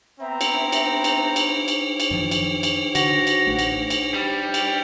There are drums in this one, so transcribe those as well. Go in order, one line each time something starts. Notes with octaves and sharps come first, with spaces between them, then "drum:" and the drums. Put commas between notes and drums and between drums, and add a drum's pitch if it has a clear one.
B3 C4 E5 A#5
drum: cymbal
drum: cymbal
drum: cymbal
drum: cymbal
drum: cymbal
drum: cymbal
F#2 D#3 F3
drum: cymbal
drum: cymbal
D3 F#4 A#6, drum: cymbal
drum: cymbal
A1 A3
drum: cymbal
drum: cymbal
G3
drum: cymbal